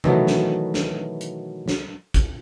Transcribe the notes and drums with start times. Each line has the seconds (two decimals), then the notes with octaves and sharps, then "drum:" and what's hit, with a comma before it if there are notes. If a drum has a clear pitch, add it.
0.04 B2 D#3 E3 F#3 A3 B3, drum: tom C3
0.27 drum: snare
0.74 drum: snare
1.21 drum: hi-hat
1.68 drum: snare
2.14 drum: kick G#1, hi-hat